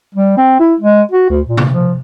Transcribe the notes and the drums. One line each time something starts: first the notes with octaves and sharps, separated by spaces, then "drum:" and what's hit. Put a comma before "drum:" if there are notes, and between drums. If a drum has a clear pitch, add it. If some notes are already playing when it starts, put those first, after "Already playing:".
G3
C4
E4
G#3
F#4
D2
A#2
drum: tom C3
F3